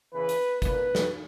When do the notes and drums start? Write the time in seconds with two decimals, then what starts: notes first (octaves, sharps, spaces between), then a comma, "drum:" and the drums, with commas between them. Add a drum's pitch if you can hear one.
0.12 E2 C#3 E3 B4
0.29 drum: hi-hat
0.62 A#2 A#3 B4, drum: kick, hi-hat
0.95 drum: snare